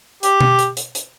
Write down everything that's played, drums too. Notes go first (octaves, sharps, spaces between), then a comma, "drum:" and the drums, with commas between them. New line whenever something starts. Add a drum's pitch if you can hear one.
G4, drum: hi-hat
drum: tom B2
drum: hi-hat
drum: hi-hat
drum: hi-hat